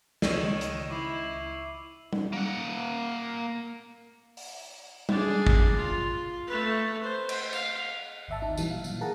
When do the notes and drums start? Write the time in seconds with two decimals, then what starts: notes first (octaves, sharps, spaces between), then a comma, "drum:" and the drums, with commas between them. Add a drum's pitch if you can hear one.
0.22 C#2 D#3 C#5 D#5 E6 D#7 E7, drum: snare
0.61 drum: hi-hat
0.90 E4 C#6 D6 C7
2.13 drum: tom G3
2.33 A#3 F#5
4.37 drum: open hi-hat
5.09 D4 G#4, drum: tom G3
5.47 drum: kick
5.77 F4
6.47 A3 B4
7.03 C5
7.29 drum: cymbal
7.53 F5, drum: tambourine
8.28 G#1 D#2 E5 A5
8.42 D#4
8.57 A#2 E3 F#3 G3, drum: tambourine
8.71 F5
8.84 A#2, drum: tambourine
9.01 G#4 A#4 F#5 A5 A#5